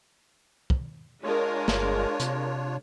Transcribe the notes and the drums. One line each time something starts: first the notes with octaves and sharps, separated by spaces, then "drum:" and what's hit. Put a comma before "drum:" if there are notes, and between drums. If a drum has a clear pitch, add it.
drum: kick
G#3 D4 F4 A#4 C#5
G1, drum: snare
C3, drum: hi-hat